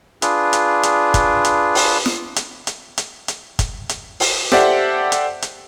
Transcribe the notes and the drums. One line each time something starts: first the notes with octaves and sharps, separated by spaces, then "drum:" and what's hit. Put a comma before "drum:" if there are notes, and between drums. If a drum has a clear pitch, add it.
D4 F4 G#4 B4, drum: hi-hat
drum: hi-hat
drum: hi-hat
drum: kick, hi-hat
drum: hi-hat
drum: open hi-hat
drum: snare
drum: hi-hat
drum: hi-hat
drum: hi-hat
drum: hi-hat
drum: kick, hi-hat
drum: hi-hat
drum: open hi-hat
G4 A4 C5 D5 E5 F#5, drum: snare
drum: hi-hat
drum: hi-hat